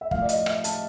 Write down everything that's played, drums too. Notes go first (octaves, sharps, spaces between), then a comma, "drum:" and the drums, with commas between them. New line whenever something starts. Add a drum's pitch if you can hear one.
E5
A2 F3 F5, drum: kick
D5
D#5, drum: hi-hat
E5, drum: rim click
A5, drum: hi-hat